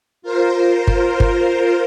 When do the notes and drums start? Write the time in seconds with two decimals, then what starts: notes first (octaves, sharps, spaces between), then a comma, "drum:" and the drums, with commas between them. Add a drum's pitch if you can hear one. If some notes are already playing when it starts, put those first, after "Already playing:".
0.22 F4 A#4 C5
0.87 drum: kick G1
1.20 drum: kick G1